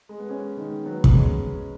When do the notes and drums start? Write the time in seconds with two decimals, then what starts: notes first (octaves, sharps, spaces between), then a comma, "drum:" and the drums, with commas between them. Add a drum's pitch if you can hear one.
0.09 G#3
0.19 B3
0.29 G#3 C#4
0.57 D#3 G#3
0.85 F#3 B3
1.04 drum: kick
1.13 G#3 C#4